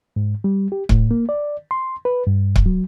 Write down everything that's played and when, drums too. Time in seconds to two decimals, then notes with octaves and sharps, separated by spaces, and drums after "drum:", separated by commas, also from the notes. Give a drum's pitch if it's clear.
0.16 G#2
0.44 G3
0.72 G4
0.89 A2, drum: kick C#1
1.11 A#3
1.29 D5
1.71 C6
2.05 B4
2.27 G2
2.56 drum: kick C#1
2.66 F#3